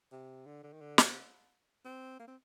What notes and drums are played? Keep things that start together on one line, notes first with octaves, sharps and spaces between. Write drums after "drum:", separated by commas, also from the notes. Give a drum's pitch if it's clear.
C3
D3
D3
D#3
D3
C3, drum: snare
C4
A#3
C4